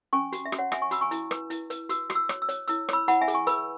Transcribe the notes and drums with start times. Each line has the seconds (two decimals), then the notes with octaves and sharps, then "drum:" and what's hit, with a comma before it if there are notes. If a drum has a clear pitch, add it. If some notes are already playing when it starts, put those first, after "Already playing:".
0.13 C#4 G#5 C#6
0.33 F#4, drum: hi-hat
0.45 E5
0.52 F#4, drum: rim click
0.58 C#5 F#5
0.72 F#4 E5 G#5, drum: rim click
0.82 G#5 C#6
0.91 F#4 B5 E6, drum: hi-hat
1.01 G#5 C#6
1.11 E4, drum: hi-hat
1.31 B4, drum: rim click
1.50 E4, drum: hi-hat
1.70 B4, drum: hi-hat
1.89 F#4 E6, drum: hi-hat
2.10 F#4, drum: rim click
2.15 E6
2.29 C#5, drum: rim click
2.42 E6
2.49 C#5, drum: hi-hat
2.68 E4 E6, drum: hi-hat
2.89 C#5 B5 E6, drum: rim click
3.08 E4 F#5 B5, drum: hi-hat
3.21 E5 G#5
3.28 G#4, drum: hi-hat
3.34 G#5 C#6
3.47 B4 B5 E6, drum: hi-hat